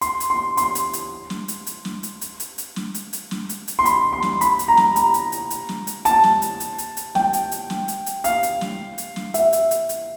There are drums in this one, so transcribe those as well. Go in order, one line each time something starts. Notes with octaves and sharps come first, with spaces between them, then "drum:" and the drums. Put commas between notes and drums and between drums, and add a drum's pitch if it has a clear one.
C6, drum: hi-hat
drum: hi-hat
C6
C6, drum: hi-hat
drum: hi-hat
drum: hi-hat
drum: snare
drum: hi-hat
drum: hi-hat
drum: snare
drum: hi-hat
drum: hi-hat
drum: hi-hat
drum: hi-hat
drum: snare
drum: hi-hat
drum: hi-hat
drum: snare
drum: hi-hat
drum: hi-hat
C6
B5, drum: hi-hat
C6
drum: snare
B5, drum: hi-hat
drum: hi-hat
A#5
drum: snare
A#5, drum: hi-hat
drum: hi-hat
drum: hi-hat
drum: hi-hat
drum: snare
drum: hi-hat
A5, drum: hi-hat
drum: snare
drum: hi-hat
drum: hi-hat
drum: hi-hat
drum: hi-hat
G5, drum: snare
drum: hi-hat
drum: hi-hat
drum: snare
drum: hi-hat
drum: hi-hat
F5, drum: hi-hat
drum: hi-hat
drum: snare
drum: hi-hat
drum: snare
E5, drum: hi-hat
drum: hi-hat
drum: hi-hat
drum: hi-hat